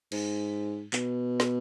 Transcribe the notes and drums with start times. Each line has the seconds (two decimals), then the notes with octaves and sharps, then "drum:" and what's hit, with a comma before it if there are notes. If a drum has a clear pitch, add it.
0.12 G#2, drum: cymbal
0.93 B2, drum: clap
1.40 drum: snare